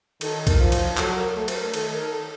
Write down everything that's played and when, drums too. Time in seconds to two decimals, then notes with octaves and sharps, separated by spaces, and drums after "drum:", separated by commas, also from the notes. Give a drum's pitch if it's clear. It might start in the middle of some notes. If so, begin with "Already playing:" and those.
0.21 D#3 A4, drum: cymbal
0.47 A#4, drum: kick, cymbal
0.59 F3
0.72 drum: cymbal
0.97 F#3 A4, drum: clap
1.16 A#4
1.36 A3 A4
1.48 C5, drum: cymbal
1.55 A#4
1.74 D#3 A4, drum: cymbal
1.93 A#4
2.12 A4